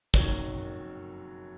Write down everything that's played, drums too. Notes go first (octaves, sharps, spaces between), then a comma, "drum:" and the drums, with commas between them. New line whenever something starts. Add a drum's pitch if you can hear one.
F#1 F2 D#3 F#3 C#5, drum: kick